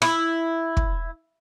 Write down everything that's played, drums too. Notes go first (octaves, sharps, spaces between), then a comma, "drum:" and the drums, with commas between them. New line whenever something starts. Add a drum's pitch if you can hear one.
E4, drum: rim click
drum: kick